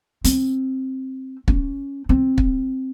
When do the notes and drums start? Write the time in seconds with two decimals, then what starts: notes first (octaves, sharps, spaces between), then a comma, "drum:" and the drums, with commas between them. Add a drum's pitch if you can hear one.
0.24 C4, drum: hi-hat
1.48 C#4, drum: kick
2.09 C4
2.38 drum: kick